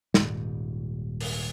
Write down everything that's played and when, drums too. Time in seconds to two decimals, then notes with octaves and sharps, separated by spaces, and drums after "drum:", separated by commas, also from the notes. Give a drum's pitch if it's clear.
0.14 D#1 G#2, drum: snare
1.20 drum: open hi-hat